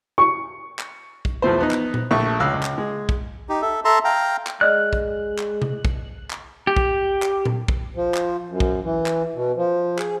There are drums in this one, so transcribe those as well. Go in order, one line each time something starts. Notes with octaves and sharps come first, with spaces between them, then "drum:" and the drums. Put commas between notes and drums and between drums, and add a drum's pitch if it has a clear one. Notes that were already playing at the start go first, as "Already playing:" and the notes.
C#6
drum: clap
drum: kick
E2 F3 A3 C5
B3 D#4
drum: clap
drum: tom A#2
A#1 A3 E5 C#6
C#2 F5 E6 F#6
C#2
drum: clap
G#3
drum: kick
D#4 G4
A4 E5
A4 E5 A5 A#5 C6
F5 G5 A#5
drum: clap
G#3 D5 D#5 F6 F#6
drum: kick
drum: clap
drum: tom C3
drum: kick
drum: clap
G4
drum: kick
drum: clap
drum: tom A#2
drum: kick
F3
drum: clap
F#2
drum: kick
E3
drum: clap
B2
F3
G#4, drum: clap